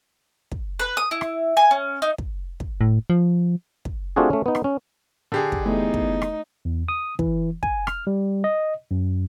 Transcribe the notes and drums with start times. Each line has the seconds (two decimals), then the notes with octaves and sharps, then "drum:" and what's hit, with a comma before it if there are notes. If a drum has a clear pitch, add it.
0.52 drum: kick
0.79 B4
0.97 D#6
1.11 E4
1.21 drum: rim click
1.57 G#5
1.71 C#4
2.02 D#4
2.18 drum: kick
2.60 drum: kick
2.81 A2
3.10 F3
3.85 drum: kick
4.16 A3 C4 D4 F4 F#4 G#4
4.30 A3 C#4
4.46 B3 D#4
4.55 drum: rim click
4.64 C#4
5.32 D3 G4 G#4
5.52 drum: kick
5.66 E2 A3 D#4
5.94 drum: kick
6.22 drum: rim click
6.65 E2
6.88 D#6
7.19 E3, drum: kick
7.63 G#5, drum: kick
7.87 F6, drum: rim click
8.07 G3
8.44 D#5
8.91 F#2